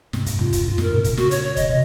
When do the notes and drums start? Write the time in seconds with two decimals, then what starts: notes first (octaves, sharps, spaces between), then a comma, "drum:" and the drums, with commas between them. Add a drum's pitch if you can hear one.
0.13 G#2 C3, drum: snare
0.26 F2 G#2, drum: hi-hat
0.39 G#2 C3 F4, drum: tom
0.53 F#2, drum: kick D#1, hi-hat
0.65 F2 G#2 F4
0.78 F#2 A#2 A#4, drum: snare
0.91 G#2 C3
1.04 A#2 C#3, drum: kick D#1, hi-hat
1.17 F#4, drum: snare
1.31 C#5, drum: hi-hat
1.44 C#5
1.56 C#3 D#5, drum: kick D#1, hi-hat
1.70 C3